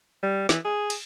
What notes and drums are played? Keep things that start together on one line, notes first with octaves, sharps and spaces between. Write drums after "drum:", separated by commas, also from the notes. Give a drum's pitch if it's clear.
G3
E3, drum: snare
G#4
drum: cymbal